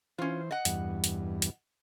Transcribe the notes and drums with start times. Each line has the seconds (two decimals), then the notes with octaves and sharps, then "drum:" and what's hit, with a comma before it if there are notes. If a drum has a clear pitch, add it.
0.18 E3 C#4 F4 C5
0.51 D#5 F#5
0.65 E2 G2, drum: hi-hat
1.04 drum: hi-hat
1.42 drum: hi-hat